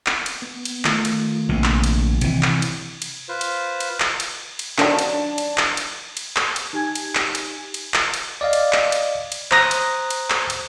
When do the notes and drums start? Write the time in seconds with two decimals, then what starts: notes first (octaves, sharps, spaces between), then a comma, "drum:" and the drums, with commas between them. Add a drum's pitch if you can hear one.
0.06 drum: clap
0.26 drum: cymbal
0.42 B3
0.65 drum: cymbal
0.85 D#3 A3 F4, drum: clap
1.05 drum: cymbal
1.49 A#1 C3
1.64 drum: clap
1.84 drum: cymbal
2.21 C3 E3, drum: cymbal
2.43 drum: clap
2.62 drum: cymbal
3.02 drum: cymbal
3.29 F4 B4 C5
3.41 drum: cymbal
3.80 drum: cymbal
4.00 drum: clap
4.20 drum: cymbal
4.59 drum: cymbal
4.78 D#3 F#3 D4, drum: clap
4.99 drum: cymbal
5.38 drum: cymbal
5.58 drum: clap
5.77 drum: cymbal
6.17 drum: cymbal
6.36 drum: clap
6.56 drum: cymbal
6.73 D#4 G4 G#5 G#6
6.95 drum: cymbal
7.15 drum: clap
7.35 drum: cymbal
7.74 drum: cymbal
7.94 drum: clap
8.14 drum: cymbal
8.41 D5 D#5 F5
8.53 drum: cymbal
8.73 drum: clap
8.92 drum: cymbal
9.32 drum: cymbal
9.51 C5 A#5 D#6 F#6 A#6, drum: clap
9.71 drum: cymbal
10.10 drum: cymbal
10.30 drum: clap
10.50 drum: cymbal